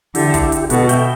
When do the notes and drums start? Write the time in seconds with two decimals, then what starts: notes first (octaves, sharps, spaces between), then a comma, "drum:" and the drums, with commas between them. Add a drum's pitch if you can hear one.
0.15 D3 E4 G4, drum: open hi-hat
0.34 drum: kick, hi-hat
0.52 drum: hi-hat
0.70 B2 F#4 A4, drum: hi-hat
0.89 E5 G5, drum: hi-hat